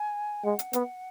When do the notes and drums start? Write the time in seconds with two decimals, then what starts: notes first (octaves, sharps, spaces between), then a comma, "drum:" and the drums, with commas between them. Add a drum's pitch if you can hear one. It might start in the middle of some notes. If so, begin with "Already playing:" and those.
Already playing: G#5
0.44 G#3 F#5
0.59 drum: hi-hat
0.73 B3, drum: hi-hat